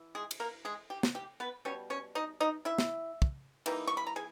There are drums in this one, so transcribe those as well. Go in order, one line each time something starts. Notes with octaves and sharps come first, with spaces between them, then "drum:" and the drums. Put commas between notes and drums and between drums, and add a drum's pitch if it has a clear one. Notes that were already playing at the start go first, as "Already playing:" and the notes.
Already playing: E3
G#3 G#4
drum: cymbal
A#3 A#4
G#3 G#4
G4
drum: snare
G4
B3 B4
B2 G3 C#4 C#5
C#4 C#5
D#4 D#5
D#4 D#5
E4 E5
drum: snare
drum: kick
E3 G3 A#3 D#4, drum: cymbal
C#6
B5
A#5
G#4 G#5